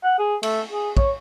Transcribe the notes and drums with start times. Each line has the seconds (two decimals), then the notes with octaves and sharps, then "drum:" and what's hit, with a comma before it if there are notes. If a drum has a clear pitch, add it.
0.04 F#5
0.19 G#4
0.43 A3, drum: cymbal
0.72 G#4
0.97 C#5, drum: kick